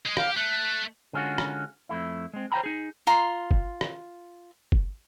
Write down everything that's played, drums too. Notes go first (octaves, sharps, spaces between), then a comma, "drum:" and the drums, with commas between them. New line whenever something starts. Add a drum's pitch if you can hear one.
G#3 G#4
G4 F5, drum: rim click
A3 F#6
D3 G#3 C#4 F4 F#4
drum: rim click
F2 A3 E4
G#3 C4
C5 C#5 F#5 G5 A#5 B5
D#4 G#4
F4 A#5 C6
drum: kick
drum: rim click
drum: kick